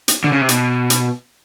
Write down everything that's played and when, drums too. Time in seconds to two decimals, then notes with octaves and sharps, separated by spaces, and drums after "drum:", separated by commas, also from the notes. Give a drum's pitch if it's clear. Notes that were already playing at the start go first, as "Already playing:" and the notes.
0.08 drum: hi-hat
0.24 D3
0.32 C#3
0.41 C3
0.49 B2, drum: hi-hat
0.90 drum: hi-hat